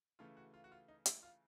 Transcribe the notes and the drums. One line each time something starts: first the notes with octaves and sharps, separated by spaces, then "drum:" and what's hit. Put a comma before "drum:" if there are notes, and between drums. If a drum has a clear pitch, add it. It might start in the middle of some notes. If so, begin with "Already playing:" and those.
C#3 E3 A3 F4
F#4
F4
F#4
F4
D#4
E4, drum: hi-hat
F4